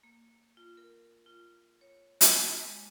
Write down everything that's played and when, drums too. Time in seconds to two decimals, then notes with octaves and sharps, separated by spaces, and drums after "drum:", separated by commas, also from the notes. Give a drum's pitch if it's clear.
0.03 A#3
0.57 F4
0.77 A#4
1.26 F4
1.81 C#5
2.21 drum: hi-hat
2.34 A5
2.64 G#3